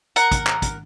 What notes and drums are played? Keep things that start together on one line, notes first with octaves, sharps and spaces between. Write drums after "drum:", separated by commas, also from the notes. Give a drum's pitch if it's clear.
A#4 F#5, drum: hi-hat
drum: kick, hi-hat
drum: clap
drum: kick, hi-hat